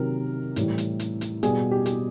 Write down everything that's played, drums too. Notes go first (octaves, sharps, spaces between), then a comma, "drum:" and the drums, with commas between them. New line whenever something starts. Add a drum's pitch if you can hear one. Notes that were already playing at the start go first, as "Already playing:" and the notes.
Already playing: C3 D#3 F#3 A#4
A2 E3 G3, drum: hi-hat
drum: hi-hat
drum: hi-hat
drum: hi-hat
B2 G3 G#4, drum: hi-hat
G4
G4, drum: hi-hat